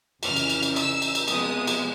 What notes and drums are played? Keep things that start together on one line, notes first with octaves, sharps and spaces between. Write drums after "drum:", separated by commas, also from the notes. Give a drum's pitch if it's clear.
F2 C#3 E3 F6, drum: cymbal
drum: cymbal
drum: cymbal
drum: cymbal
E6, drum: cymbal
drum: cymbal
drum: cymbal
C3 F3 G#3 B3 D#6, drum: cymbal
drum: cymbal